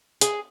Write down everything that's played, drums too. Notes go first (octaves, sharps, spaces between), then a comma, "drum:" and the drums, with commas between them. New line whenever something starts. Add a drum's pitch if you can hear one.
G#4, drum: hi-hat